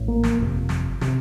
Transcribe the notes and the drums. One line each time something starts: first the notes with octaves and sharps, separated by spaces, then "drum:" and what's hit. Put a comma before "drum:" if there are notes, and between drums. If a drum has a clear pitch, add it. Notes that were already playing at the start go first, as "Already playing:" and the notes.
Already playing: A1 A2
A#3
drum: snare
G1 F2 C3
drum: snare
C3, drum: snare